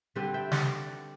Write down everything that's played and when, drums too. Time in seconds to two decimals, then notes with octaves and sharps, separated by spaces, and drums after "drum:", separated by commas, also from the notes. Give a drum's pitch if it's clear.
0.15 D3 G3 C4 G4 B4
0.34 E5 G5
0.51 D5 F#5, drum: snare